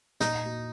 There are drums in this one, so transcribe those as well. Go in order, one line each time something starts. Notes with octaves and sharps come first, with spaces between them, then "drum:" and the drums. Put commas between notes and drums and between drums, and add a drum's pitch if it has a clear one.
A#2 D#4, drum: snare
A#3 F#4